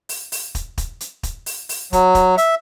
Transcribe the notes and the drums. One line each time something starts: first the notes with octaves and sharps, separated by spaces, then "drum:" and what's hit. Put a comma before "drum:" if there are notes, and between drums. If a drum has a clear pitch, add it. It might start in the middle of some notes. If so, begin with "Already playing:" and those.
drum: open hi-hat
drum: open hi-hat
drum: kick, hi-hat
drum: kick, hi-hat
drum: hi-hat
drum: kick, hi-hat
drum: open hi-hat
drum: open hi-hat
F#3, drum: kick, hi-hat
drum: kick, hi-hat
E5, drum: hi-hat